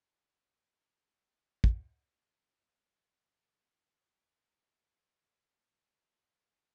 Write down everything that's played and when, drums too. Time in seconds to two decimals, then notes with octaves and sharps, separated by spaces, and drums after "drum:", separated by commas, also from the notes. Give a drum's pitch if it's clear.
0.12 G#3 F#4 D5
1.64 drum: kick
2.58 F4
2.74 B4
2.92 C#4
3.14 D#3
3.29 D#3
3.44 D#3
3.60 F#4
3.85 F3
4.02 B4
4.33 F#4
4.58 G#4
4.74 F#5
5.04 C#7
5.20 A2
5.37 D#2
5.56 B4
6.03 A#4
6.20 G2
6.44 F5